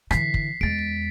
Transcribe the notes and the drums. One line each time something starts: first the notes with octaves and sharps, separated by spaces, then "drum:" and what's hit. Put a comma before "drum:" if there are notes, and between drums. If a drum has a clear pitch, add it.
D3 E3 B6 C7, drum: rim click
drum: kick
E2 G#3 A6 D7
D7